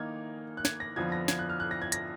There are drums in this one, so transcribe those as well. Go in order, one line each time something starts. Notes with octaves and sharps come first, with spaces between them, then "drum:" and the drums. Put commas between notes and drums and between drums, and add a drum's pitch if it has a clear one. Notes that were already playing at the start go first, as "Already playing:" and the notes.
Already playing: D#3 A#3 D#4 F6 G#6
F#6
G#6, drum: snare
A#6
F2 D3 F3 B3 G#6
A#6
G#6, drum: snare
F#6
F6
F#6
A#6
G#6
A#6, drum: hi-hat